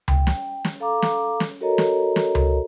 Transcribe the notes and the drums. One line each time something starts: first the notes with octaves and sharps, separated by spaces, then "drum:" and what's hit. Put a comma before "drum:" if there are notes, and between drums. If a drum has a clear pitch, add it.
G5, drum: tom C#2
drum: snare
drum: snare
A4 F5 A#5 D6
drum: snare
drum: snare
F#4 A4 A#4 C#5 D#5 A#5
drum: snare
drum: snare
drum: tom C#2